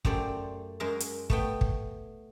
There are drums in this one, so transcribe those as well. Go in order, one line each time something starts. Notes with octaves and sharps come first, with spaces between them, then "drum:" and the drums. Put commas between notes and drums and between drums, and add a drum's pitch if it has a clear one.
F#2 A3 G4 C5 D5, drum: kick
F#2 G#3 A#4 E5
drum: hi-hat
A3 B3 G5, drum: kick
drum: kick